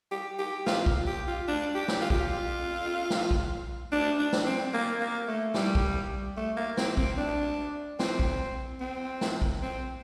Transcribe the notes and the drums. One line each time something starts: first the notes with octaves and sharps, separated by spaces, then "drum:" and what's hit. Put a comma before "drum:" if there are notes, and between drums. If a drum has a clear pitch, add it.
G4
G4
F4, drum: snare
F4, drum: kick A#1
G4
F4
D4
G4
drum: snare
F4
G4, drum: kick A#1
F4
drum: snare
drum: kick A#1
D4
D4
drum: snare
C4
A#3
A#3
A3
G3, drum: snare
drum: kick A#1
A3
A#3
C4, drum: snare
C4, drum: kick A#1
D4
C4, drum: snare
drum: kick A#1
C4
drum: snare
drum: kick A#1
C4